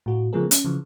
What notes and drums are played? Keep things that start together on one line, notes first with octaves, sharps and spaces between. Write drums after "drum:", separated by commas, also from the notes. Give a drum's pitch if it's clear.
A2 F#4
C#3 F3 A3 B3 G#4 A#4
C#4, drum: hi-hat
C#3 E3 F3